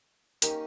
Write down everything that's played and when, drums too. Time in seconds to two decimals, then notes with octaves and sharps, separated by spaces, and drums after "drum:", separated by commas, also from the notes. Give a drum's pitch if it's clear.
0.42 D#3 A#3 C#4 G4, drum: hi-hat